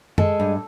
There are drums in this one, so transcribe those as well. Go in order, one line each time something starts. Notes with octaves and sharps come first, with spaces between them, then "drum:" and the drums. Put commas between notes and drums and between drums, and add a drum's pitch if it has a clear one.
G#3 A4, drum: tom F#2
G2